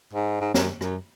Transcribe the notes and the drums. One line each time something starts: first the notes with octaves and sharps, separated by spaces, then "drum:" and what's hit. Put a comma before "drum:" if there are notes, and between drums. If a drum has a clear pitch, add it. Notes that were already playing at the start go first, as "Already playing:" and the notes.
G#2
G#2
F#2, drum: snare
F#2, drum: rim click